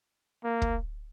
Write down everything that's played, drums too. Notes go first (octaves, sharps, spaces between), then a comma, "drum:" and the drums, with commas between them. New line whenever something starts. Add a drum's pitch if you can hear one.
A#3
drum: kick